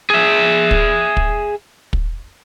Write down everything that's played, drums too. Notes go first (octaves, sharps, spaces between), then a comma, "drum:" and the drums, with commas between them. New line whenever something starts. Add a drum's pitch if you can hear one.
G#4 E5
drum: kick
drum: kick
drum: kick